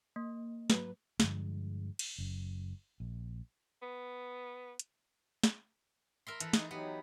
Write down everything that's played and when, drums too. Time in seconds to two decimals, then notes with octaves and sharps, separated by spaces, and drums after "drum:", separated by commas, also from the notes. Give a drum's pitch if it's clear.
0.16 A#3
0.70 G#2 F#3 B4, drum: snare
1.20 G2 D3 F3 G#3, drum: snare
1.99 drum: cymbal
2.18 F#1 F#2
3.00 A#1
3.82 B3
4.79 drum: hi-hat
5.44 drum: snare
6.27 A#4 E5 C6
6.40 E3 A4 E5 A5, drum: hi-hat
6.53 D#4 G#4, drum: snare
6.71 F#3 B3 D#4 G4